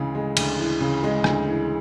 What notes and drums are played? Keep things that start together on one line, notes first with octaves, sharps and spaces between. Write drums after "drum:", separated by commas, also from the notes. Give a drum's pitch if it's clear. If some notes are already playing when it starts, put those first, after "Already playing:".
Already playing: D2 C#3 E3 G#3
G#3
D2, drum: cymbal
E3
C#3
G#3
D2, drum: rim click
E3